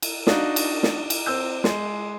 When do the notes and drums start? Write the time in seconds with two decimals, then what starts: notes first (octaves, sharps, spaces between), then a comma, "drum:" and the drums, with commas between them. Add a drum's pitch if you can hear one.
0.02 drum: cymbal
0.27 D4 D#4 F#4 F5, drum: snare
0.56 drum: cymbal
0.83 drum: snare
1.10 drum: cymbal
1.26 C4 E6 G6
1.64 G#3, drum: snare